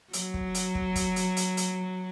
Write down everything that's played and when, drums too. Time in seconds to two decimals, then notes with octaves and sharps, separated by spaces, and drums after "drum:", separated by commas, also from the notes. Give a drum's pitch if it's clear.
0.13 F#3, drum: hi-hat
0.34 drum: kick
0.55 drum: hi-hat
0.75 drum: kick
0.96 drum: kick, hi-hat
1.16 drum: hi-hat
1.37 drum: hi-hat
1.57 drum: hi-hat